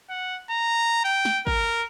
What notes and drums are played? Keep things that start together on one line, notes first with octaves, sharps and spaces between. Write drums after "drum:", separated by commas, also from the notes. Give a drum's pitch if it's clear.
F#5
A#5
G5
drum: snare
A#4, drum: kick